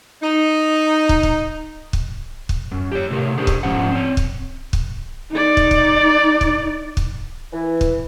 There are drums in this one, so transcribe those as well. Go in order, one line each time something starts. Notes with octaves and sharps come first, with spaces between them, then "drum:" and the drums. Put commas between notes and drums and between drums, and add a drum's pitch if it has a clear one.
D#4
drum: kick
drum: kick
drum: kick
drum: kick
F#2
G4 C#5
A2 C3 A3 A#4 C#5 E5
D4 G4 G#4 C5
drum: kick
G#2 F3 C#4 C5 F#5
C4 C#5
drum: kick
drum: kick
D#4 D5
drum: kick
drum: kick
drum: kick
drum: kick
E3
drum: kick